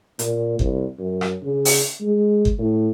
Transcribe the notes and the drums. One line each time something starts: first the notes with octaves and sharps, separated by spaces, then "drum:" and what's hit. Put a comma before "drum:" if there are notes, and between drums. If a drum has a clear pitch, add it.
A#2, drum: hi-hat
C2, drum: kick G1
F#2
drum: rim click
C#3
drum: open hi-hat
G#3
drum: kick G1
A2